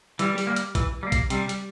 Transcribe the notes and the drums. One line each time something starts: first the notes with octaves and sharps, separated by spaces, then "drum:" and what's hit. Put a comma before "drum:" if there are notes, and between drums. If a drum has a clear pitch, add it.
E3 G3, drum: hi-hat
drum: open hi-hat
G3 A#3
drum: hi-hat
E3, drum: kick, hi-hat
G3 A#3
drum: kick, hi-hat
C3 G3, drum: hi-hat
drum: hi-hat